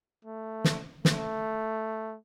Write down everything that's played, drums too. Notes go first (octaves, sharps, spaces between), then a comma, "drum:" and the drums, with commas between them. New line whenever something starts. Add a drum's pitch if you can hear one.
A3
drum: snare
A3, drum: snare